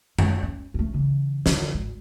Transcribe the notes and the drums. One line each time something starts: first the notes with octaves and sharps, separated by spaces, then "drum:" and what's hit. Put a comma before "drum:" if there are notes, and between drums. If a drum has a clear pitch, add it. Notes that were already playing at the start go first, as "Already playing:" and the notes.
G#3, drum: tom F#2
C#4
A3 C#4
C#3 E3
E2 D3, drum: snare
G#1